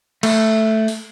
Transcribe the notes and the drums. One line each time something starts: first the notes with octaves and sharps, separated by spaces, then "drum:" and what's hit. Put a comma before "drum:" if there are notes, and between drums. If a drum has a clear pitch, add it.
A3, drum: cymbal
drum: open hi-hat